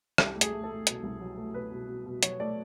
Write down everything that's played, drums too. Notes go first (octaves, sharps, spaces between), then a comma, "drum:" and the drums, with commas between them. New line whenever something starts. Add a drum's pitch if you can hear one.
C2 G4, drum: rim click
A3
G#4, drum: hi-hat
A3
A4
A3
B2, drum: hi-hat
C2
F#3
A3
B2 B4
B2
B2
B2
F#3 C#5, drum: hi-hat
A3 D5